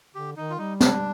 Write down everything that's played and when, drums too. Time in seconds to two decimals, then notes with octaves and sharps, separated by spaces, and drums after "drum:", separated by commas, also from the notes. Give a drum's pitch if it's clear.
0.15 D3 G4
0.37 D#3 D#4
0.50 F4
0.58 G3 D#4
0.80 D4, drum: snare